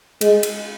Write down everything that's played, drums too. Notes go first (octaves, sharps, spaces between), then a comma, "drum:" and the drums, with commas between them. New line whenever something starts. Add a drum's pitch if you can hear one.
G#3, drum: cymbal
drum: cymbal